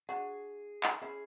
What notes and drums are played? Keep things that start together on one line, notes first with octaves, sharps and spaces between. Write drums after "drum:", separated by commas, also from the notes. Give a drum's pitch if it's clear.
D4 F#4 G#4
drum: clap
C#4 E4 G#4